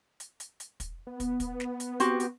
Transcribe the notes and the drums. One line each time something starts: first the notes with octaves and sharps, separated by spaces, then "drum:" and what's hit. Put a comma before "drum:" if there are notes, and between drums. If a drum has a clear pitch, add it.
drum: hi-hat
drum: hi-hat
drum: hi-hat
drum: kick, hi-hat
B3
drum: kick, hi-hat
drum: kick, hi-hat
drum: snare
drum: hi-hat
C4 F#4 G4, drum: hi-hat
drum: hi-hat